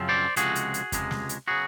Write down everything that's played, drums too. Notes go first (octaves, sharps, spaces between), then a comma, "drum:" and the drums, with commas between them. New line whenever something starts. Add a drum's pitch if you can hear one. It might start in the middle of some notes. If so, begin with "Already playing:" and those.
Already playing: F#2 C#3 F3 C4
C5 D5
C#2 C3 F3 G#3 F#4 G#4, drum: hi-hat
drum: hi-hat
drum: hi-hat
C#2 C3 F3 G#3, drum: kick E2, hi-hat
drum: snare
drum: hi-hat
C#3 F#3 B3 F#4 G#4